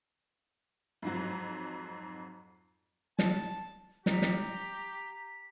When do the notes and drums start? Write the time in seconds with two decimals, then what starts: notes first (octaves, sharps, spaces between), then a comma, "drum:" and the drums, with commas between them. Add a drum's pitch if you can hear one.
1.02 F2 G#2 F#3
3.19 A5, drum: snare
4.06 G4 A#5 B6, drum: snare
4.22 drum: snare